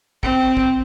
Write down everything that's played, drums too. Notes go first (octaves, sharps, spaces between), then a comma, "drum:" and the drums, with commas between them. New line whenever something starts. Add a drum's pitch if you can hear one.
C4, drum: kick
drum: kick